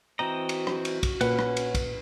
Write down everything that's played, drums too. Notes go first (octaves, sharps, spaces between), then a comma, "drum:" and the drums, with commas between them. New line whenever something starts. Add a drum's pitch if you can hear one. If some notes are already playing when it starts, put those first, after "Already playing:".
E3 C4 F#4 D#5 A#5
drum: cymbal
drum: rim click
drum: cymbal
drum: kick B1, cymbal
A#2 C#4 B4 F#5 F#6, drum: cymbal
drum: rim click
drum: cymbal
drum: kick B1, cymbal